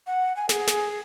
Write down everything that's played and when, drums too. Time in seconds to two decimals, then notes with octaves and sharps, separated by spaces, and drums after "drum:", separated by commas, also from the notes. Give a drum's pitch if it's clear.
0.07 F#5
0.36 G#5
0.49 G#4, drum: snare
0.67 drum: snare